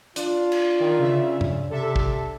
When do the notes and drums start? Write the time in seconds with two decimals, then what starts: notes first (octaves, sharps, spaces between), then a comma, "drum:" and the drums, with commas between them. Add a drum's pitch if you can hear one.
0.16 D4 F4, drum: hi-hat
0.52 drum: cymbal
0.80 D#3
1.00 C#3 E5
1.41 drum: tom
1.70 C3 A4 E5
1.96 drum: kick